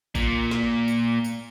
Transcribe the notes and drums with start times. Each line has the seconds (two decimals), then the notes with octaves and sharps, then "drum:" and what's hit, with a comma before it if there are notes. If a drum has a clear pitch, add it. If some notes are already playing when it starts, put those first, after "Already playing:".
0.15 A#2, drum: kick G#1, tambourine
0.51 drum: snare
0.88 drum: tambourine
1.24 drum: tambourine